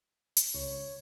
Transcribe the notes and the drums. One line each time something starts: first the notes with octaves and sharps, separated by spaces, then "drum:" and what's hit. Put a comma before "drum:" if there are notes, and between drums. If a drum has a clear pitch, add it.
drum: hi-hat
C#2 C#5